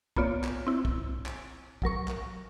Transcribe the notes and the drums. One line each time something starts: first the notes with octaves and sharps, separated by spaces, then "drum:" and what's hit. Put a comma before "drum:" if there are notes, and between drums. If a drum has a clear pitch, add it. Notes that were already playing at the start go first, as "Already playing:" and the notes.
A#3 B3 F4 C#5 D5, drum: kick
drum: clap
C4 E4
drum: kick
drum: clap
A1 F#3 A#4 C#6, drum: kick
drum: clap